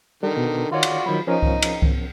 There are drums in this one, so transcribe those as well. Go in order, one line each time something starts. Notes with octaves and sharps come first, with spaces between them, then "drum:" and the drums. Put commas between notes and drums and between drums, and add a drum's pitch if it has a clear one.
D3 D#3 G3
B2
D#3 F4 F#4 C#5 D5
drum: cymbal
D#3 F3 F#3 B5
F3 C#4 D#4 A#4
drum: kick C2
drum: cymbal
drum: kick C2